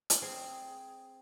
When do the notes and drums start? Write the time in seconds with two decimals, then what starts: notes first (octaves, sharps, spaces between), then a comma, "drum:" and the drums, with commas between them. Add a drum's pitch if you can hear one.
0.10 drum: hi-hat
0.22 C4 G#4